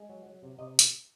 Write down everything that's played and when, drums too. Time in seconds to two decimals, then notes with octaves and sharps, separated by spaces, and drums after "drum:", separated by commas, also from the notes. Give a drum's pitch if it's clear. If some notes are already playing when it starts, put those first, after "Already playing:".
Already playing: G#3
0.09 F#3
0.26 F#3
0.42 C3
0.59 C3 D#5
0.79 drum: hi-hat